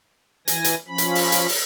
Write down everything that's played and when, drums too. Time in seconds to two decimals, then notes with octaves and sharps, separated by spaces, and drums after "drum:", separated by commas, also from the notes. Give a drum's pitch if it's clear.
0.48 E3 G#5 A#6, drum: hi-hat
0.64 drum: hi-hat
0.88 F3 C#4 B5
0.98 drum: hi-hat
1.15 drum: open hi-hat
1.32 drum: hi-hat
1.49 drum: open hi-hat